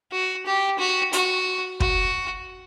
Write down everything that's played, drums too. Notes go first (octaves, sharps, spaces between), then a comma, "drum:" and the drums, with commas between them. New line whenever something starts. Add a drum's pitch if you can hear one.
F#4
G4
F#4
F#4, drum: hi-hat
F#4, drum: kick